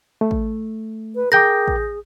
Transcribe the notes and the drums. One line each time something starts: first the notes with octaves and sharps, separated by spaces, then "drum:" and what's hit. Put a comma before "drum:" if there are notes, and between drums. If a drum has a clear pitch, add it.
A3
drum: kick A1
B4
G#4 A#4 G5 D6 G6 A#6
drum: kick A1